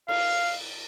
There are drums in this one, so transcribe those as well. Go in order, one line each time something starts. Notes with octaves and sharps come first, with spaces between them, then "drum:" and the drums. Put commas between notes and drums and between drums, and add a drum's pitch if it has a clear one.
F5, drum: cymbal